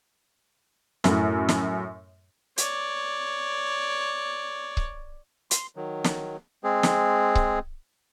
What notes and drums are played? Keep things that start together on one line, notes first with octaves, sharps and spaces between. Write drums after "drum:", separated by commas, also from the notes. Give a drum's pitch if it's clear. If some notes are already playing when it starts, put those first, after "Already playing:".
F#2 A2, drum: snare
drum: snare
C#5 D5, drum: hi-hat
drum: kick C#1
C6, drum: hi-hat
D#3 F#3
drum: snare
G#3 C4 G#4
drum: snare
drum: kick C#1